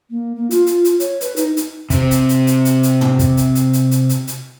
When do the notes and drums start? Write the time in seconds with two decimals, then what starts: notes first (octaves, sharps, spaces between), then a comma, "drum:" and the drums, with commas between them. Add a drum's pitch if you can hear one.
0.10 A#3
0.35 A#3
0.51 F4, drum: hi-hat
0.67 drum: hi-hat
0.85 drum: hi-hat
1.00 C#5, drum: hi-hat
1.21 B4, drum: hi-hat
1.36 D#4, drum: hi-hat
1.57 drum: hi-hat
1.90 C3 C4, drum: kick, hi-hat
2.11 drum: hi-hat
2.29 drum: hi-hat
2.47 drum: hi-hat
2.65 drum: hi-hat
2.83 drum: hi-hat
3.01 drum: tom
3.19 drum: kick, hi-hat
3.37 drum: hi-hat
3.55 drum: hi-hat
3.73 drum: hi-hat
3.91 drum: hi-hat
4.09 drum: hi-hat
4.27 drum: hi-hat